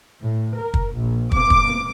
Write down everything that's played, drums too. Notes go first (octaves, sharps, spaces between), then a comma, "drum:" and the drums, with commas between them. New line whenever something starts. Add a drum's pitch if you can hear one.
A2
A#4
drum: kick
A#1
D6, drum: kick
drum: kick